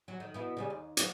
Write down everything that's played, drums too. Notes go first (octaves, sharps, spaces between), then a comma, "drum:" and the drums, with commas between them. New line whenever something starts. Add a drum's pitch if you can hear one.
F#3
D#3
B2 B3 E4
C#3 G3 C#4
D#2
F#3, drum: hi-hat